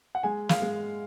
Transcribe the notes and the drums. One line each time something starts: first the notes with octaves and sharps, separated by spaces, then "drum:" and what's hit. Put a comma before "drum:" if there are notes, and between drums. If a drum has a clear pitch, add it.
F#5
G#3 G#5
F5, drum: snare
G#3